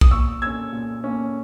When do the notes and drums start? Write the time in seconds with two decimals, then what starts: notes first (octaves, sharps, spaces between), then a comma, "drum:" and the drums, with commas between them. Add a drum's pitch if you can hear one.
0.01 D#6, drum: kick
0.11 A#2 C#6 E6
0.42 A#3 C#4 E6 G#6
0.73 A#2
1.04 A#3 C#4